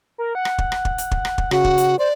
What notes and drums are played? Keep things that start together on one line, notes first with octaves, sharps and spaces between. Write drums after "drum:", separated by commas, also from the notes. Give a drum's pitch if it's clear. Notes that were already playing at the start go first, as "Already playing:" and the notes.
A#4
F#5
drum: rim click
drum: kick
drum: rim click
drum: kick
drum: hi-hat
drum: kick
drum: rim click
drum: kick
C#3 F#4, drum: rim click
drum: kick
drum: hi-hat
C5 D5